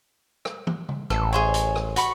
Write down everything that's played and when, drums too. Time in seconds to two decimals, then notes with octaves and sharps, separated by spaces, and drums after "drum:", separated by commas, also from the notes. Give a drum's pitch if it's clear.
0.45 drum: rim click
0.67 drum: tom
0.89 drum: tom C#3
1.10 A1 A4, drum: rim click
1.33 G#4 C5 C#5
1.54 drum: hi-hat
1.76 drum: rim click
1.96 F#4 B5 C#6, drum: hi-hat